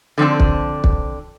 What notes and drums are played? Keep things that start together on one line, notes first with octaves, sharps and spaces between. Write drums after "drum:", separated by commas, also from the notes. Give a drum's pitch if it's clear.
D3 F3 C4 D4
drum: kick
drum: kick